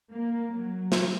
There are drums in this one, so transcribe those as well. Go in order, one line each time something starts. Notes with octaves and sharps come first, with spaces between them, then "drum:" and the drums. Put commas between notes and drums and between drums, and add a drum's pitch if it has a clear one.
A#3
F#3
drum: snare